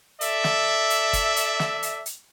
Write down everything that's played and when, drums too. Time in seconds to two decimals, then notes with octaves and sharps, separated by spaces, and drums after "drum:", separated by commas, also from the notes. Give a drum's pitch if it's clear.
0.21 A4 D5 E5, drum: hi-hat
0.44 drum: snare
0.90 drum: hi-hat
1.13 drum: kick, hi-hat
1.36 drum: hi-hat
1.59 drum: snare
1.83 drum: hi-hat
2.06 drum: hi-hat